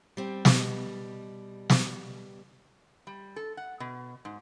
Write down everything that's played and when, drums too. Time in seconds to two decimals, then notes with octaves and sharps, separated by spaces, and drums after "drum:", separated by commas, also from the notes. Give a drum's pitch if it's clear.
0.17 G3 C4
0.45 B2 G3 D#5, drum: snare
1.70 drum: snare
3.07 G3
3.36 A4
3.57 F#5
3.80 B2
4.25 G#2